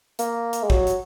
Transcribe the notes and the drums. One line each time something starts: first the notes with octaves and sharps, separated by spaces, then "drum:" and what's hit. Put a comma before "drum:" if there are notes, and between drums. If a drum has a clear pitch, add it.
A#3, drum: hi-hat
drum: hi-hat
G#3
F#3, drum: kick
drum: hi-hat